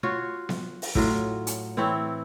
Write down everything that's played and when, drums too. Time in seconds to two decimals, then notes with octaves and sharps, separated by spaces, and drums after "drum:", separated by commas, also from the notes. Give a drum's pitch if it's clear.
0.03 F4 F#4 C#5
0.49 drum: snare B3
0.82 drum: open hi-hat
0.95 A2 F#3 F4, drum: kick
1.47 drum: hi-hat
1.77 E3 C4 E4 C#5